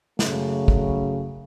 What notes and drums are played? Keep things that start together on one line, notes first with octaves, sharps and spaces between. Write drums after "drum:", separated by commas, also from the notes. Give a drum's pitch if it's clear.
F#2 C#3 A3, drum: snare
drum: kick